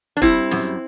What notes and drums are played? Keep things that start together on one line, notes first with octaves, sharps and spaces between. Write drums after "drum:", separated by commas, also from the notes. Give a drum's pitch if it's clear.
D4
G3 C4 E4, drum: kick E1, hi-hat
F#2, drum: snare